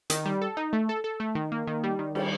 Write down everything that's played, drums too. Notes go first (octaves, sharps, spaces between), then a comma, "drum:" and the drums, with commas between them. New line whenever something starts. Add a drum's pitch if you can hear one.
D#3, drum: hi-hat
G3
A4
D#4
A3
A4
A4
A3
D#3
A#3
D#3
G3
D#3
G3, drum: cymbal